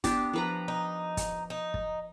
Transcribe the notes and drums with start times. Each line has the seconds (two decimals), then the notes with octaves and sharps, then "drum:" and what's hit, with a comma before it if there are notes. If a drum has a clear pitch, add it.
0.04 B3 D4 G4, drum: kick, hi-hat
0.33 F3 B4 A#5
0.68 D#4
1.17 drum: kick, hi-hat
1.50 D#4
1.74 drum: kick